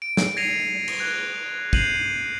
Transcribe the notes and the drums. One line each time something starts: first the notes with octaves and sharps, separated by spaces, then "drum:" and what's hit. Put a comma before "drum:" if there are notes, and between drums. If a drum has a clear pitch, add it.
D7
drum: snare
G#6 A#6 C7 C#7 D#7 F7
drum: cymbal
F#6 G#6
G6 C7 D#7 F7 F#7, drum: kick